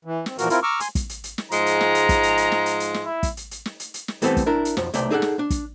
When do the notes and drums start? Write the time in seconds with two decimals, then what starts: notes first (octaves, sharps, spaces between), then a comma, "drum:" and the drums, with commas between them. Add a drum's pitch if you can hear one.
0.05 E3
0.26 C4, drum: snare
0.38 A#2 E3 F3 A#3 F#4 A#4, drum: hi-hat
0.50 C4 E4 F4 A#4, drum: hi-hat
0.63 A#5 C#6 D6 E6 F6
0.80 G#5 C6, drum: hi-hat
0.95 drum: kick, hi-hat
1.09 drum: hi-hat
1.24 drum: hi-hat
1.38 drum: snare
1.52 G#2 F3 G#3 A#5, drum: hi-hat
1.66 drum: hi-hat
1.81 drum: snare
1.95 drum: hi-hat
2.09 drum: kick, hi-hat
2.23 drum: hi-hat
2.37 drum: hi-hat
2.52 drum: snare
2.66 drum: hi-hat
2.80 drum: hi-hat
2.94 drum: snare
3.05 E4
3.23 drum: kick, hi-hat
3.37 drum: hi-hat
3.51 drum: hi-hat
3.65 drum: snare
3.80 drum: hi-hat
3.94 drum: hi-hat
4.08 drum: snare
4.22 E3 G3 A3 B3 C4 A4, drum: hi-hat
4.37 drum: kick, hi-hat
4.46 D4 E4 A#4
4.65 drum: hi-hat
4.77 B1 F2 F3, drum: snare
4.94 B1 C3 A3 D5 G5, drum: hi-hat
5.11 D#4 G#4 A4 D5 D#5 F#5
5.22 drum: snare
5.39 D4
5.50 drum: kick, hi-hat